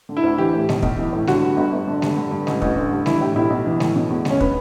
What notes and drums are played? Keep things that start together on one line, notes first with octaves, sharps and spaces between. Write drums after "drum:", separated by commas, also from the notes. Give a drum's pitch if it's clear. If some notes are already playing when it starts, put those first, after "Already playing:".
D3
E4
D2
E3 G4
A2
B1, drum: snare G#3
B1, drum: kick
E3
A2
D3 F#4, drum: snare G#3
G2
G1
G1
D3
G2, drum: snare G#3
D3
G2
A1, drum: snare G#3
A1, drum: kick
D3
G2
E3 E4, drum: snare G#3
A2 G4
B1 E4
B1
E3
A2, drum: snare G#3
B2
E2
F#1, drum: snare G#3
C#4
B3, drum: kick